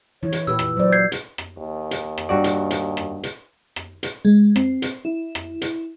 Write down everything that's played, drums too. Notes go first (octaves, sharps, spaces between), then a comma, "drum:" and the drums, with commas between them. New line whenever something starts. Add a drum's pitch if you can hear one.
E3 E4 C#5
drum: hi-hat
A#2 G4 B4 E6
drum: rim click
F#3 C5 D5
G6 G#6 C7
drum: hi-hat
drum: rim click
D#2
drum: hi-hat
drum: rim click
G2 F#4 D5
drum: hi-hat
drum: hi-hat
drum: rim click
drum: hi-hat
drum: rim click
drum: hi-hat
G#3
C4, drum: rim click
drum: hi-hat
E4
drum: rim click
drum: hi-hat